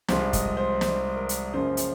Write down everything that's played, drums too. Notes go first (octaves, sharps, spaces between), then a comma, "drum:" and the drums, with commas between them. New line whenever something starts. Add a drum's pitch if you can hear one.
C2 C3 F3 G#3 C5, drum: snare
D#5, drum: kick, hi-hat
C5
C5, drum: snare
A#4
drum: hi-hat
F#2 C#3 F3 A#3 C5
drum: hi-hat